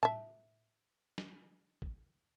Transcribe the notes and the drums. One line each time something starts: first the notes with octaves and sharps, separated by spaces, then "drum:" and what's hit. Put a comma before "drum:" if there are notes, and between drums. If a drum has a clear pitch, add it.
E5 A5, drum: tom A2
drum: snare
drum: kick